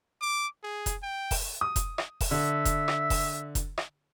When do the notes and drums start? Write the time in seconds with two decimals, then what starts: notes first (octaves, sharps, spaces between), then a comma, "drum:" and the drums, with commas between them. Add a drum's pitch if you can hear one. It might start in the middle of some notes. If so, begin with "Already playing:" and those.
0.21 D6
0.64 G#4
0.86 drum: kick F1, hi-hat
1.03 G5
1.31 drum: kick F1, open hi-hat
1.61 D#6
1.76 drum: kick F1, hi-hat
1.98 drum: rim click
2.21 drum: kick F1, open hi-hat
2.31 D3 E5
2.65 drum: kick F1, hi-hat
2.88 drum: rim click
3.10 drum: kick F1, open hi-hat
3.55 drum: kick F1, hi-hat
3.78 drum: rim click